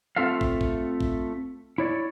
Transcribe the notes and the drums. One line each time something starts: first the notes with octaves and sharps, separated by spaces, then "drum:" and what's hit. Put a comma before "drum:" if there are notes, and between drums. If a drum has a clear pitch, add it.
A3 C4 F4 A4 E5 F5
drum: kick
drum: kick
drum: kick
E4 C#5 D5